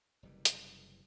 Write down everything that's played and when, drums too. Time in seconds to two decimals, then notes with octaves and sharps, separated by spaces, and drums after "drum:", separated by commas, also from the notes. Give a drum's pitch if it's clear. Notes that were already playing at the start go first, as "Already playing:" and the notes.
0.23 F#1 C3 E3 G3
0.45 drum: hi-hat